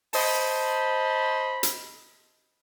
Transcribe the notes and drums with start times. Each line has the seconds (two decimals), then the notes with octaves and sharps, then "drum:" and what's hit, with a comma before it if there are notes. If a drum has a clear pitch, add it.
0.13 C5 D#5 A5 B5, drum: open hi-hat
1.63 drum: hi-hat